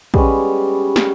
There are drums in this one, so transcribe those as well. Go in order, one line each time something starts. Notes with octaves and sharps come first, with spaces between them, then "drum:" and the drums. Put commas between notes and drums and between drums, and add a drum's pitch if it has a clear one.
G3 G#3 B3 C#4, drum: kick
drum: snare